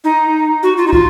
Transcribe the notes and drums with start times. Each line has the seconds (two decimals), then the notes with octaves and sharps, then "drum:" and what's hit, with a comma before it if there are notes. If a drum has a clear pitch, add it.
0.04 D#4
0.63 F#4
0.77 F4
0.87 D#4
0.93 F4, drum: kick